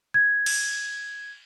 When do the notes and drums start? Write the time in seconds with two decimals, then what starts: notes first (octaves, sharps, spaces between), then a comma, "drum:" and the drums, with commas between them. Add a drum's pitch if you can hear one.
0.14 G#6
0.46 drum: cymbal